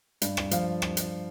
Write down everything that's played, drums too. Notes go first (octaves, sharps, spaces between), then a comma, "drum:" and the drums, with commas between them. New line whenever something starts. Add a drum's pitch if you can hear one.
G2, drum: hi-hat
drum: rim click
F3 F5, drum: hi-hat
drum: rim click
drum: hi-hat